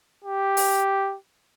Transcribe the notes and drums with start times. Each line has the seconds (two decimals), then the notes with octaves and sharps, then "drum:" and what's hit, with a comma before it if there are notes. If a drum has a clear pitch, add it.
0.24 G4
0.57 drum: open hi-hat